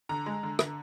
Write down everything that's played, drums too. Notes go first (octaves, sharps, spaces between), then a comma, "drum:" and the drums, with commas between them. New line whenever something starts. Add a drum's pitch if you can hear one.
D3 A#5
G#3
D3
D3, drum: rim click